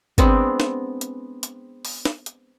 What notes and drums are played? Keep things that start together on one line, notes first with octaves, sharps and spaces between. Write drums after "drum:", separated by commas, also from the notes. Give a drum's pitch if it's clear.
G#3 B3 C4 D4, drum: kick G#1, hi-hat
drum: snare
drum: hi-hat
drum: hi-hat
drum: open hi-hat
drum: snare
drum: hi-hat